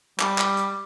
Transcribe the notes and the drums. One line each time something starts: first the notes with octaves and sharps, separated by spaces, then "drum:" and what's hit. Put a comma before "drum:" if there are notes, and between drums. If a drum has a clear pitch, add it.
G3, drum: clap
drum: clap
drum: hi-hat